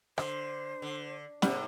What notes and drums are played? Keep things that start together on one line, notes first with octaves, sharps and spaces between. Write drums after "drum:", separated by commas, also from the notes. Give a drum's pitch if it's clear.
D3 C5, drum: rim click
D3
G#2 C3 G3 B3, drum: snare